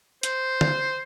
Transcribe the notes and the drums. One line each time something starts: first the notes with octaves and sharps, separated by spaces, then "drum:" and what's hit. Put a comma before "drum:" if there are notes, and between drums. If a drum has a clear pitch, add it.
C5, drum: hi-hat
drum: tom